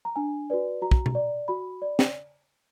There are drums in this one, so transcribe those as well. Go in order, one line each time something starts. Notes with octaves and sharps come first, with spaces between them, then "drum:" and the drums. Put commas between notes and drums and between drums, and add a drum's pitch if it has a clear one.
A#5
D4 G#5
F#4 B4 D5
F#4 A#5
drum: kick
drum: tom B2
D5
F#4 B5
D5
drum: snare